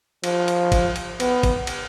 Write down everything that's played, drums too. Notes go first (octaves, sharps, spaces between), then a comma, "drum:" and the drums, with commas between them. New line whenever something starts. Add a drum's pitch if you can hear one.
F3, drum: cymbal
drum: cymbal
drum: kick G#1, cymbal
drum: cymbal
B3, drum: cymbal
drum: kick G#1, cymbal
drum: cymbal